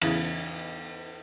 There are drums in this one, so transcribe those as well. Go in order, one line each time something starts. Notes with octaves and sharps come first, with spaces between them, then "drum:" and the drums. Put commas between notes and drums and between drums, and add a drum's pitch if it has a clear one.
E2 C#3 E3, drum: cymbal